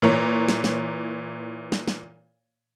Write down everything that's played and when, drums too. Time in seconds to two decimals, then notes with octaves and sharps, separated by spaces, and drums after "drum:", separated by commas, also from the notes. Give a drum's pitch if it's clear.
0.02 A#2 E3 C#5 A#5
0.49 drum: snare
0.64 drum: snare
1.72 drum: snare
1.88 drum: snare